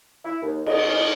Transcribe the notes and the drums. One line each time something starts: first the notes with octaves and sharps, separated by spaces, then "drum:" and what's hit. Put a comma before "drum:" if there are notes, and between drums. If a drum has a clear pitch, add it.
E4
D#2
D#5, drum: cymbal